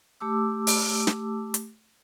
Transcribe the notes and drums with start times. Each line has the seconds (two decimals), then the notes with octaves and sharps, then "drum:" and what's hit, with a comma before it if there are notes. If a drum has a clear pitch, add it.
0.20 A3 G4 A5 D6 E6
0.67 drum: open hi-hat
1.07 drum: snare
1.54 drum: hi-hat